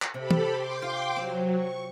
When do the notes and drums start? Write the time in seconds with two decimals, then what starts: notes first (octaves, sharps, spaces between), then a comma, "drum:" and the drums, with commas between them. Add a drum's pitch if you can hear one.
0.02 drum: clap
0.14 C3 G4 A4 B5
0.31 drum: tom
0.52 G5 C6 D6
0.82 F4
1.16 F#3 C4
1.55 C#6